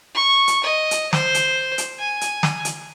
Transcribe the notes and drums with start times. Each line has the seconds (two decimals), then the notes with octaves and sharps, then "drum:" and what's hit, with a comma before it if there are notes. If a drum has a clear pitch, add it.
0.15 C#6
0.48 drum: hi-hat
0.64 D#5
0.91 drum: hi-hat
1.13 C5, drum: snare
1.34 drum: hi-hat
1.78 drum: hi-hat
1.99 G#5
2.21 drum: hi-hat
2.43 drum: snare
2.65 drum: hi-hat